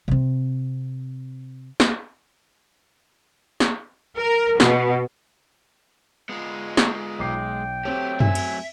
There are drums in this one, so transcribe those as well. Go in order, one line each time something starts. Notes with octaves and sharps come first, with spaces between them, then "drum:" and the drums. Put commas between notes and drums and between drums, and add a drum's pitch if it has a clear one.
C3 C4
drum: snare
drum: snare
A#4
B2, drum: snare
G#3 B3 F4
drum: snare
B1 G5 D6 C7
F#3 A3 C4 G4 C#5
E5 G#5, drum: tom F#2
drum: cymbal